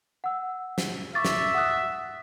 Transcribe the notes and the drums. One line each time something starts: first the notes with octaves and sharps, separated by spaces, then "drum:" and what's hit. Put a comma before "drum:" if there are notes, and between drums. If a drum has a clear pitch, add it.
F#5 E6
drum: snare
E5 C#6 D6 A6
drum: snare
F#5 D#6 F#6